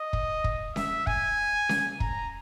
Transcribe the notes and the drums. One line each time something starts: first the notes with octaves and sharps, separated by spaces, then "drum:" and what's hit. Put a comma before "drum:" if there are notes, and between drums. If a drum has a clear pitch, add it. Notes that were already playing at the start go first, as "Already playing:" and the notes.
Already playing: D#5
drum: kick
drum: kick
E5, drum: snare C#4
G#5, drum: kick
drum: snare C#4
A#5, drum: kick